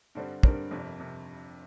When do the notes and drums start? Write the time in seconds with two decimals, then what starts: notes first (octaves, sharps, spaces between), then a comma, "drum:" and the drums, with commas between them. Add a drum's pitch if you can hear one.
0.15 G2 D3 G3 C4
0.43 G2 D3 G3 C4 A#4, drum: kick
0.71 G1 F2 C3
1.00 C3